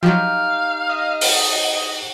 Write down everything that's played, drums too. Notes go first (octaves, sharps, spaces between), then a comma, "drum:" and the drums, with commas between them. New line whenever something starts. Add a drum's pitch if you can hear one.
F3 F#3 D#4 G4 F5 G5
D#5
drum: open hi-hat